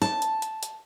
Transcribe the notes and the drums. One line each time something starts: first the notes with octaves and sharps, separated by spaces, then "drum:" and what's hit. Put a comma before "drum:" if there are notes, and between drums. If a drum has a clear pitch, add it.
A5, drum: snare
drum: hi-hat
drum: hi-hat
drum: hi-hat